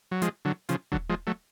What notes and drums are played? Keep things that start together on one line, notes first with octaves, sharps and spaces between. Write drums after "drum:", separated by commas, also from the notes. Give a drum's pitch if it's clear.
F#3
F3 G#3, drum: hi-hat
D3 F#3
C#3 F3, drum: hi-hat
D3 F#3, drum: kick D#1
F3 G#3
F#3 A3